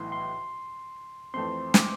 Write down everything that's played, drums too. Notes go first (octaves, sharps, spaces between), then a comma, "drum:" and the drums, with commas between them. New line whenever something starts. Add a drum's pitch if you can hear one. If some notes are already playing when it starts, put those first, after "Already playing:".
Already playing: B1 A2 E3 C6
C6
F2 E3 A3 C4 C6
D6, drum: snare